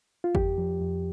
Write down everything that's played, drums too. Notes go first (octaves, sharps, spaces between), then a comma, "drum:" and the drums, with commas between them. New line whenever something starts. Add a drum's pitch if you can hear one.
F4
F2 G4, drum: kick G1
F3
F2